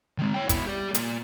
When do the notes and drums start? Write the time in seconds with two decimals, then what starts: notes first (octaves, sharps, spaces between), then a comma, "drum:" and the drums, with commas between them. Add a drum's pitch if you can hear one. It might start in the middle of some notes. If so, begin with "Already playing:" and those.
0.18 D#3 G#3
0.34 C#5 G5
0.49 B2 E4, drum: kick, hi-hat
0.67 G4 D5
0.94 A#2, drum: hi-hat